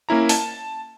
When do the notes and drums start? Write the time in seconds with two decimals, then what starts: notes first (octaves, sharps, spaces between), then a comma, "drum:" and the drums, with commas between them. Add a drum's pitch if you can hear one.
0.09 A#3 C#4 E4 A#5
0.29 A5, drum: open hi-hat